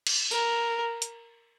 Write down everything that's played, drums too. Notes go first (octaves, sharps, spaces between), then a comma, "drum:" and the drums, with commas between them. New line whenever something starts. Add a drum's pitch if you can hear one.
drum: cymbal
A#4, drum: tambourine
drum: hi-hat